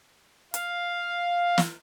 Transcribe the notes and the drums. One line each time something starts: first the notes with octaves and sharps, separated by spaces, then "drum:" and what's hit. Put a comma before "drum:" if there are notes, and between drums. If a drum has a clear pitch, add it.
F5, drum: hi-hat
drum: snare